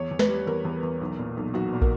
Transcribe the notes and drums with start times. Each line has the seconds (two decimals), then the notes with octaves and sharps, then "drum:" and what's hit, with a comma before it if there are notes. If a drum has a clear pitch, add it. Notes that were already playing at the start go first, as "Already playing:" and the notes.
Already playing: E2 C#5
0.11 E2
0.19 B4, drum: snare
0.28 G3
0.47 E2 A#4
0.65 E2
0.83 E2
1.01 B1
1.19 A#2
1.37 B1
1.54 B1 F#4
1.73 A#2
1.82 A#4, drum: kick